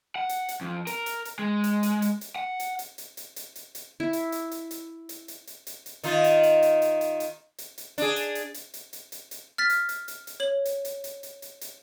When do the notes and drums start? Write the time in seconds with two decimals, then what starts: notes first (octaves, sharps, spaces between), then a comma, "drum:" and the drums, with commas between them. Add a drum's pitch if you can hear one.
0.16 F#5
0.29 drum: hi-hat
0.49 drum: hi-hat
0.61 F2
0.87 A#4, drum: hi-hat
1.06 drum: hi-hat
1.25 drum: hi-hat
1.39 G#3
1.64 drum: hi-hat
1.83 drum: hi-hat
2.02 drum: hi-hat
2.21 drum: hi-hat
2.36 F#5
2.60 drum: hi-hat
2.79 drum: hi-hat
2.98 drum: hi-hat
3.17 drum: hi-hat
3.36 drum: hi-hat
3.56 drum: hi-hat
3.75 drum: hi-hat
4.00 E4
4.13 drum: hi-hat
4.32 drum: hi-hat
4.51 drum: hi-hat
4.71 drum: hi-hat
5.09 drum: hi-hat
5.28 drum: hi-hat
5.47 drum: hi-hat
5.67 drum: hi-hat
5.86 drum: hi-hat
6.03 D#3 D#4 F4, drum: hi-hat
6.24 drum: hi-hat
6.43 drum: hi-hat
6.63 drum: hi-hat
6.82 drum: hi-hat
7.01 drum: hi-hat
7.20 drum: hi-hat
7.58 drum: hi-hat
7.78 drum: hi-hat
7.98 D4 G#4, drum: hi-hat
8.16 drum: hi-hat
8.35 drum: hi-hat
8.54 drum: hi-hat
8.74 drum: hi-hat
8.93 drum: hi-hat
9.12 drum: hi-hat
9.31 drum: hi-hat
9.58 F6 A6 B6
9.70 drum: hi-hat
9.89 drum: hi-hat
10.08 drum: hi-hat
10.27 drum: hi-hat
10.40 C#5 F#7
10.65 drum: hi-hat
10.85 drum: hi-hat
11.04 drum: hi-hat
11.23 drum: hi-hat
11.42 drum: hi-hat
11.61 drum: hi-hat